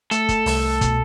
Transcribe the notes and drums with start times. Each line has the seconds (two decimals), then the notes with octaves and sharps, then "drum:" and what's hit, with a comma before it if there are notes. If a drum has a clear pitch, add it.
0.11 A3 A4, drum: hi-hat
0.29 drum: kick, hi-hat
0.46 C2, drum: open hi-hat
0.81 B2, drum: kick, hi-hat